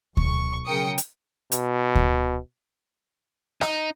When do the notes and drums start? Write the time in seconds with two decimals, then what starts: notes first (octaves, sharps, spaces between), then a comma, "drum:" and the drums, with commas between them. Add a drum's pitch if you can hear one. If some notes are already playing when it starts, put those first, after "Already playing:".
0.17 B1 C#6, drum: kick D2
0.66 C#3 F#3 A#4 G5 D#6 C#7
0.98 drum: hi-hat
1.52 B2, drum: hi-hat
1.95 drum: kick D2
3.61 D#4, drum: rim click